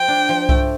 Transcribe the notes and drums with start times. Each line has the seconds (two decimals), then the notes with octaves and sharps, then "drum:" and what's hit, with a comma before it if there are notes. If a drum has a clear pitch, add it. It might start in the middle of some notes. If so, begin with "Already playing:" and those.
Already playing: F3 G5
0.08 D4
0.29 F3
0.49 A3, drum: kick C2